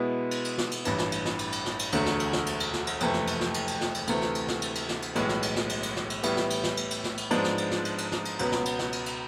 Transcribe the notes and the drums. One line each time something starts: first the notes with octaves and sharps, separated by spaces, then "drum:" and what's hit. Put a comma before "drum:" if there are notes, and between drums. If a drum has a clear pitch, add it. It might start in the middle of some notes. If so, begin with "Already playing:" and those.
Already playing: B2 G#3 B3 E4
drum: cymbal
drum: cymbal
drum: snare
drum: cymbal
A1 G2 E3, drum: cymbal
drum: snare
drum: cymbal
drum: snare
drum: cymbal
drum: cymbal
drum: snare
drum: cymbal
E1 D2 D3 F#3 A3, drum: cymbal
drum: snare
drum: cymbal
drum: snare
drum: cymbal
drum: cymbal
drum: snare
drum: cymbal
F#1 F2 C3 E3 A3, drum: cymbal
drum: snare
drum: cymbal
drum: snare
drum: cymbal
drum: cymbal
drum: snare
drum: cymbal
D2 C3 E3 A3, drum: cymbal
drum: snare
drum: cymbal
drum: snare
drum: cymbal
drum: cymbal
drum: snare
drum: cymbal
B1 A2 E3 G#3, drum: cymbal
drum: snare
drum: cymbal
drum: snare
drum: cymbal
drum: cymbal
drum: snare
drum: cymbal
A2 E3 G3 B3 E4, drum: cymbal
drum: snare
drum: cymbal
drum: snare
drum: cymbal
drum: cymbal
drum: snare
drum: cymbal
G#2 F3 G#3 B3 D4, drum: cymbal
drum: snare
drum: cymbal
drum: snare
drum: cymbal
drum: cymbal
drum: snare
drum: cymbal
C#2 B2 F#3 B3, drum: cymbal
drum: snare
drum: cymbal
drum: snare
drum: cymbal
drum: cymbal